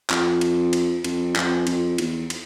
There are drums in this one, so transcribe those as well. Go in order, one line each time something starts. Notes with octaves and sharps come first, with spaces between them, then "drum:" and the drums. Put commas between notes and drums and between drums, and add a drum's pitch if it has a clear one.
F2, drum: clap
drum: cymbal
drum: cymbal
F2, drum: cymbal
F2, drum: clap
F2, drum: cymbal
E2, drum: cymbal
drum: cymbal